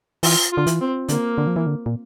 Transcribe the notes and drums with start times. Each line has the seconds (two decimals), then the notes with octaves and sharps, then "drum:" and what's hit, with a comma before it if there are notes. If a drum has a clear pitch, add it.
0.23 E3 F4, drum: open hi-hat
0.52 F4
0.57 D3
0.67 E3, drum: hi-hat
0.81 C4
1.09 D3 A#3, drum: hi-hat
1.38 D3
1.47 F3
1.56 E3
1.67 D3
1.86 A#2